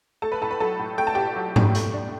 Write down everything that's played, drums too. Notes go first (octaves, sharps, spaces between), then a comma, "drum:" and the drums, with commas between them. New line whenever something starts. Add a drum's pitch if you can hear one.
A3 A4 A5
B4 B5
A2 A4 A5
B4 B5
F#3 A4 A5
A2
A3 G5
A5
A2 G4 G5
F#3
A2, drum: tom G#2
A3, drum: hi-hat
D4